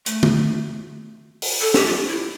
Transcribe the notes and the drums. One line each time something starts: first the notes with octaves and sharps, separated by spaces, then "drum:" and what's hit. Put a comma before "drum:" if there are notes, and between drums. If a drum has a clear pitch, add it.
A3, drum: hi-hat
drum: tom
drum: open hi-hat
A4
G4, drum: snare
F4
E4